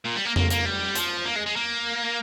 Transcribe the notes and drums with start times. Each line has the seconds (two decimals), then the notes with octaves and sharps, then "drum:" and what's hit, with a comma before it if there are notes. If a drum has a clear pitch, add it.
0.05 A#2
0.16 G3
0.25 A#3
0.36 A#3, drum: tom F2
0.50 A#3, drum: hi-hat
0.65 G3
0.96 F3, drum: hi-hat
1.25 A#3
1.36 G#3
1.46 G#3
1.56 A#3